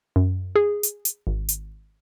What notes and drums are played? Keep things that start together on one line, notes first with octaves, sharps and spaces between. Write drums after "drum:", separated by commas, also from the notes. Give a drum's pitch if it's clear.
F#2
G#4
drum: hi-hat
drum: hi-hat
G#1
drum: hi-hat